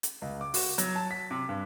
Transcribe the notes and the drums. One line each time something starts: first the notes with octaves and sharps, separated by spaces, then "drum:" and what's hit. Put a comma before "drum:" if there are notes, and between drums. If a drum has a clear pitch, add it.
drum: hi-hat
C#2
D6
F#4, drum: open hi-hat
F#3, drum: hi-hat
A5
B6
C3
G2